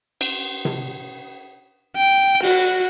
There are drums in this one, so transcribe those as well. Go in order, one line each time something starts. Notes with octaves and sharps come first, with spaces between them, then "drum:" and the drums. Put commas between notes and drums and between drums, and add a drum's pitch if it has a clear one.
drum: cymbal
drum: tom C3
G5
F#4, drum: open hi-hat